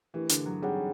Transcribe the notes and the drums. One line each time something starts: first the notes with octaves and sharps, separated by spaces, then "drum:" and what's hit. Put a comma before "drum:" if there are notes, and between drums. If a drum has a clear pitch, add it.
E3 A3 D4 G4 A#4
D3, drum: hi-hat
F#3
G3 C4 D#4 G#4 C#5 F#5